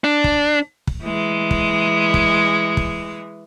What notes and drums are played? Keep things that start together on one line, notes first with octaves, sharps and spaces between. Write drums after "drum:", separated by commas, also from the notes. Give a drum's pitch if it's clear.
D4
drum: kick
drum: kick
E3 G#3
drum: kick
drum: kick
drum: kick